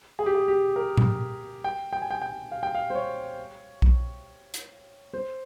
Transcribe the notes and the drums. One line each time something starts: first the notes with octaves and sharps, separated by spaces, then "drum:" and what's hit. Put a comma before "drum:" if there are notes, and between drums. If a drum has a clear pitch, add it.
G#4
G4
G#4
G4
A#4
drum: tom A2
G5
G5
G#5
G5
G5
F5
G5
F5
C5
C#5
drum: kick B1
drum: hi-hat
C5